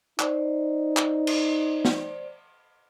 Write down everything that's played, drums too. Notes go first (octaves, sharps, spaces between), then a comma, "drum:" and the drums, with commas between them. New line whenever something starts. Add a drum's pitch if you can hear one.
D#4 C5 D5, drum: clap
drum: clap
drum: cymbal
drum: snare